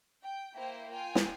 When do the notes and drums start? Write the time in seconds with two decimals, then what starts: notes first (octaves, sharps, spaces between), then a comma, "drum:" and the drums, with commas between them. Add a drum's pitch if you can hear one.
0.24 G5
0.56 A#3 E4 C5 G5
0.91 F4 G5 G#5
1.15 drum: snare